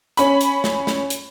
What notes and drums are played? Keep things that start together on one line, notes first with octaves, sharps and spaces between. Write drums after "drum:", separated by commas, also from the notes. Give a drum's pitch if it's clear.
C#4 B5, drum: hi-hat
drum: hi-hat
drum: snare
drum: snare
drum: hi-hat